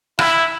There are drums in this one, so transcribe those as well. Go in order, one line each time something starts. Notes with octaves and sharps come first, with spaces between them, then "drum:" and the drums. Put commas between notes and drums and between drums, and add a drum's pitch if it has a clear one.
E4, drum: rim click